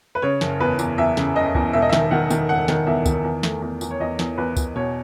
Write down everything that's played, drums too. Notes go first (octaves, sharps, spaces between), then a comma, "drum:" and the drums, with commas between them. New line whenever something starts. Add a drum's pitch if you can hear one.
B4
C#3 C#5
F#1, drum: snare
E2 B4
E2, drum: tambourine
E2 E5
C#3, drum: snare
F#1 D#5
E2, drum: kick
E1 E5
D#5
E5
D#3, drum: snare
D#3 F#5
D#3, drum: tambourine
E1 F#5
D#3, drum: snare
E2 E5
D#3, drum: kick, tambourine
E2
A3, drum: snare
E2
E2, drum: tambourine
C#5
E2 D#5
E2, drum: snare
E2 B4
E2, drum: kick, tambourine
B2 C#5